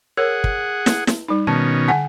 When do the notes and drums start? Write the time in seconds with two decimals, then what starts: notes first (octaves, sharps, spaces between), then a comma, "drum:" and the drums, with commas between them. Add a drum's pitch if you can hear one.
0.17 G#4 A#4 C#5 F#5
0.44 drum: kick
0.86 drum: snare
1.07 drum: snare
1.28 G3 D#4
1.47 B2 D#3 C#4 A5
1.88 D3 F#5 G#5